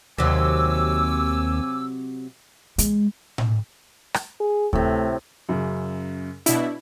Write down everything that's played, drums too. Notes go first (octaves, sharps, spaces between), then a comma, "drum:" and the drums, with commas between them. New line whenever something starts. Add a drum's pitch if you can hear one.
D#2 C3 F#3 G#5 D6 E6
G#3, drum: hi-hat
drum: tom A2
drum: rim click
G#4
A2 C3 A3, drum: kick D2
F#2 C#3
B2 D4 E4, drum: hi-hat